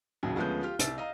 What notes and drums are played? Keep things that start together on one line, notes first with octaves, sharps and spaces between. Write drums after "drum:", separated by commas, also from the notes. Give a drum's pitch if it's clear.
A#1 D#2 C#3 F#3
D2 F3 G#3 B3 C#4 G6
F4 G4 F6
C2 E6 A6, drum: hi-hat
D#5 F5 A#5